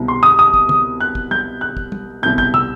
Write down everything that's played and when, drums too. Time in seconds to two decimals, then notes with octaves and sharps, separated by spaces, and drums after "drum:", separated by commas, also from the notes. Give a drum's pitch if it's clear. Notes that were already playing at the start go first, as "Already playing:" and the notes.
Already playing: C2 B2
0.08 C6
0.23 D#6
0.39 D#6
0.54 drum: kick
0.69 drum: tom
1.00 F#6
1.15 drum: kick
1.31 G6, drum: tom
1.61 F#6
1.77 drum: kick
1.92 drum: tom
2.22 C2 B2 G6
2.38 G6, drum: kick
2.54 E6, drum: tom